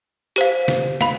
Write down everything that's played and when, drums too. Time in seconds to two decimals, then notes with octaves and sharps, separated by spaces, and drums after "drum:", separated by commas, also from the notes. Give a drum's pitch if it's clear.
0.36 G4 C5 F5, drum: hi-hat
0.68 drum: snare
1.01 F5 B5, drum: snare